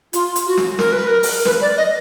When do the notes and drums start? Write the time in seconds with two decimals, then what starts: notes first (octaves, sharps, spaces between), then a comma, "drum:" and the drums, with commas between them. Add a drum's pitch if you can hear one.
0.13 F4, drum: hi-hat
0.36 drum: hi-hat
0.47 F#4
0.57 drum: snare
0.79 A#4, drum: snare
0.92 B4
1.07 A#4
1.23 drum: open hi-hat
1.45 B4, drum: snare
1.61 D5
1.77 D#5